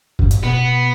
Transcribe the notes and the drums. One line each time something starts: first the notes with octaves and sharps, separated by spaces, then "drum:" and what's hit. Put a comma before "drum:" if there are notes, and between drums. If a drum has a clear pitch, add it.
G2, drum: kick
A2, drum: hi-hat
B2 B3